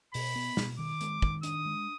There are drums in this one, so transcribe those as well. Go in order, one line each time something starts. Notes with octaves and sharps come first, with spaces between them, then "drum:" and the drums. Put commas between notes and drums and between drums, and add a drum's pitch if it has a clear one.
B2 B5, drum: open hi-hat
B3
B2, drum: snare
D#3 D6
G#3, drum: hi-hat
D#3, drum: kick
D4 D#6, drum: hi-hat
G#3